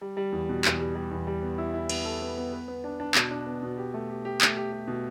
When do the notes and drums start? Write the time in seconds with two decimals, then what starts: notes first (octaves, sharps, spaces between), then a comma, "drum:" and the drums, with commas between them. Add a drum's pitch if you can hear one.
0.01 G3
0.17 G3
0.32 E2
0.49 B2
0.65 E2, drum: clap
0.79 G3
0.95 G3
1.11 E2
1.27 G3
1.43 B3
1.58 E4
1.74 E4
1.89 B3, drum: cymbal
2.05 A4
2.22 B3
2.37 B3
2.53 B4
2.68 B3
2.84 D4
3.00 D4
3.15 B2, drum: clap
3.31 D4
3.47 B3
3.63 B2
3.78 G4
3.94 A3
4.10 G4
4.25 G4
4.41 A3, drum: clap
4.57 G4
4.72 G4
4.88 B2